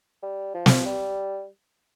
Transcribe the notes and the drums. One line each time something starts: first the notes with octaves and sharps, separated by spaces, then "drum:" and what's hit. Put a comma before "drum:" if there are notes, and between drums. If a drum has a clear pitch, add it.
G3
F3
drum: snare
G3